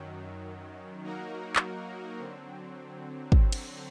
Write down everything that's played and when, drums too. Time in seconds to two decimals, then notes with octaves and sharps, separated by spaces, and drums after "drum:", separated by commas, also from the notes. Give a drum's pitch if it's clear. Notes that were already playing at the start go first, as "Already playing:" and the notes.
Already playing: F#2 D#3 F#3
1.04 F#3 A#3 D#4 F#4 A#4
1.56 drum: clap
2.19 D3 F#3 C4
3.32 drum: kick
3.52 drum: cymbal